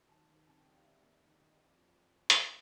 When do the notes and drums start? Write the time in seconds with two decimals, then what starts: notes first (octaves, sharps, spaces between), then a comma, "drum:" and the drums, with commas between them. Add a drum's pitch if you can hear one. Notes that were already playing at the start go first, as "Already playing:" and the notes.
Already playing: F#3
0.09 D#3 A5
0.27 D#3
0.46 C3 A5
0.60 G5
0.66 G3 F#5
0.76 F5
0.84 G3 E5
1.03 A#3
1.22 D#3 D5
1.40 G3 D#5
1.59 F2 D5
1.78 F3
2.30 drum: hi-hat